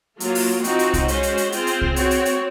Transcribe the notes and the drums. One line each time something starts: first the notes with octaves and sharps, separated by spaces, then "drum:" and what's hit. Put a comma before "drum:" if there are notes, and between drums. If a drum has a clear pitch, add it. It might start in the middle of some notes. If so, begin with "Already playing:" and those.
F#3 A#3 F4, drum: hi-hat
drum: open hi-hat
F3 C4 D#4 F#4, drum: hi-hat
drum: hi-hat
drum: kick C2, hi-hat
G#3 C#4 F#4 C5, drum: hi-hat
drum: hi-hat
drum: hi-hat
C4 F4 G#4 C5, drum: hi-hat
drum: hi-hat
drum: kick C2
C4 F#4 C#5, drum: hi-hat
drum: hi-hat
drum: hi-hat